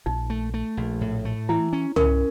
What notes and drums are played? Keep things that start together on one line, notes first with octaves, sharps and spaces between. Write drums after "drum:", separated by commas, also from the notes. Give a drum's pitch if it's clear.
A#1 D#4
A3
A3
A#1
A2
A3
E3 E4
C#4
C#4 A#4, drum: tom